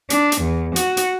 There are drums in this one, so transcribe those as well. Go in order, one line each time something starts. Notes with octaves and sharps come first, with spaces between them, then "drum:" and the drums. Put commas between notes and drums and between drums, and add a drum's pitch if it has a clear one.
D4, drum: hi-hat
drum: hi-hat
E2
F#4, drum: hi-hat
drum: hi-hat